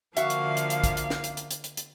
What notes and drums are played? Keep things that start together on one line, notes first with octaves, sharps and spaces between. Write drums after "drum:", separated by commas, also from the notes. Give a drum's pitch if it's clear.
D3 F3 A#3 F#4 E5 F5, drum: hi-hat
drum: hi-hat
drum: hi-hat
drum: hi-hat
drum: kick, hi-hat
drum: hi-hat
drum: snare
drum: hi-hat
drum: hi-hat
drum: hi-hat
drum: hi-hat
drum: hi-hat